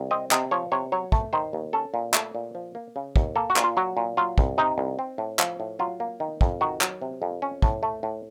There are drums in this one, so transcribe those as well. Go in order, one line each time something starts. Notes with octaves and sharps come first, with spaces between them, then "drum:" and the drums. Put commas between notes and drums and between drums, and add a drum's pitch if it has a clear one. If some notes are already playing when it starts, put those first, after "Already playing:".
Already playing: C2
C4 D#5
C3 D#5, drum: clap
F3 C#5
C3 C#5
F#3 C#5
A3, drum: kick
D#3 C5
D#2
C#4 A4
A#2
A3, drum: clap
A#2
F3
A#3
C#3
D#2, drum: kick
A#3 A4
F#4
A#2, drum: clap
F4
F#3 F#4
A#2
F#3 F4
C2, drum: kick
C3 D#4
C2
C4
A2
F3, drum: clap
A2
F#3 F4
A#3
D#3
F2, drum: kick
D#3 F#4
F#3, drum: clap
C3
F2
C#4
A2, drum: kick
A3
A2